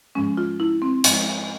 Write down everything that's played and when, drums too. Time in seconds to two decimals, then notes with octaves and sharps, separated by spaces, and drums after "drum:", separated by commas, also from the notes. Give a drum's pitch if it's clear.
0.15 G#2 F3 G#3 C#4
0.37 F4
0.60 E4
0.82 C4
1.04 G#2 F3 G#3, drum: hi-hat